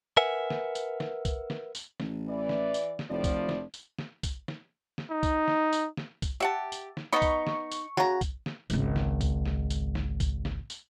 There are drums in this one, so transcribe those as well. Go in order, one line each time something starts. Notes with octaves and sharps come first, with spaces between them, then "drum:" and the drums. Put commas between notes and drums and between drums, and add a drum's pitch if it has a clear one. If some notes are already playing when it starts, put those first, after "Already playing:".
A#4 B4 E5 F#5 G#5
drum: snare
drum: tambourine
drum: snare
drum: kick C2, tambourine
drum: snare
drum: tambourine
A1, drum: snare
E3 D5
drum: snare
drum: tambourine
drum: snare
F1 A2 F3 D5
drum: kick C2, tambourine
drum: snare
drum: tambourine
drum: snare
drum: kick C2, tambourine
drum: snare
drum: snare
D#4
drum: kick C2, tambourine
drum: snare
drum: tambourine
drum: snare
drum: kick C2, tambourine
G4 E5 F#5 A5
drum: tambourine
drum: snare
B3 D#4 D#5 A#5 B5 C#6
drum: kick C2, tambourine
drum: snare
drum: tambourine
C#3 F#4 A#5, drum: snare
drum: kick C2, tambourine
drum: snare
G#1 C#2, drum: tambourine
drum: snare
drum: kick C2, tambourine
drum: snare
drum: tambourine
drum: snare
drum: kick C2, tambourine
drum: snare
drum: tambourine